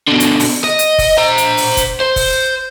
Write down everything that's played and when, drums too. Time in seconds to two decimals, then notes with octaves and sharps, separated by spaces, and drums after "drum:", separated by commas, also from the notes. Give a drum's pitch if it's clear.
0.07 B2 D3
0.20 drum: hi-hat
0.40 drum: open hi-hat
0.64 D#5
0.79 drum: hi-hat
0.98 drum: kick F#1, open hi-hat
1.18 C5 A#5
1.38 drum: hi-hat
1.57 drum: open hi-hat
1.77 drum: kick F#1, hi-hat
2.01 C5
2.16 drum: kick F#1, open hi-hat